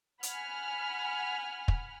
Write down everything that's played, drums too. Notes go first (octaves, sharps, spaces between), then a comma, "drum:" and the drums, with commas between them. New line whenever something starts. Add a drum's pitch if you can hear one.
F#5 G#5 B5 F6, drum: hi-hat
drum: kick